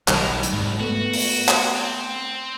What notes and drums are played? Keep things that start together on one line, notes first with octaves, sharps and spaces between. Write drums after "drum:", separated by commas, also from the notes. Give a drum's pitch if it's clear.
B1 A2 D#3 G3, drum: clap
drum: hi-hat
C2 G#2
A3 B3 F#4
drum: open hi-hat
drum: clap
C4